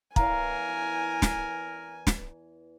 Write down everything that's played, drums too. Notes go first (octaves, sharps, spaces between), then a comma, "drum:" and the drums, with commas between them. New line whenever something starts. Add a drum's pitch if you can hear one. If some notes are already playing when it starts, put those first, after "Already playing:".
E2 E3 A#4 F5 G#5 A#5, drum: kick
drum: snare
drum: snare